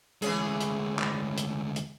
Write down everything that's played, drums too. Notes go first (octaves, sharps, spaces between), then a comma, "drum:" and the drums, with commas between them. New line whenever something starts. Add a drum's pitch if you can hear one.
D2 E3 G#3 C#4 G#4, drum: hi-hat
drum: hi-hat
drum: clap
drum: hi-hat
drum: hi-hat